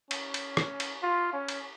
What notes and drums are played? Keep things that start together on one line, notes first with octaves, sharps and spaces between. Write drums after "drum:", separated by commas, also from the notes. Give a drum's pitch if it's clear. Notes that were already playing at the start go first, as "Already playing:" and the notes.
C#4, drum: cymbal
drum: cymbal
drum: rim click
drum: cymbal
F4
C#4
drum: cymbal